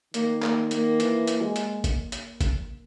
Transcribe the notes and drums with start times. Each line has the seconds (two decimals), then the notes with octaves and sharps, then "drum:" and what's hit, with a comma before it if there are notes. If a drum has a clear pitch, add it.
0.14 D#3 A#3, drum: hi-hat
0.42 A#3, drum: clap
0.71 A#3, drum: hi-hat
1.00 E3, drum: hi-hat
1.27 drum: hi-hat
1.41 G#3
1.56 drum: hi-hat
1.84 drum: kick G#1, hi-hat
2.12 drum: hi-hat
2.41 drum: kick G#1, hi-hat